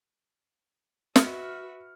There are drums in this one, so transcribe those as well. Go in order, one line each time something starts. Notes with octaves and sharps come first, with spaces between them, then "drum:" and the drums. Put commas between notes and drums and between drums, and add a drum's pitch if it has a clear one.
F#4 B4 E5 F6 C#7, drum: snare